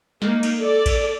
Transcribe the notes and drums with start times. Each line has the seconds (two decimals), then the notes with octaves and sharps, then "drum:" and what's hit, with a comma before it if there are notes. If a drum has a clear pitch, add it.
0.22 A#3 D#4, drum: snare
0.43 drum: cymbal
0.58 A4 D5
0.86 drum: kick A1, cymbal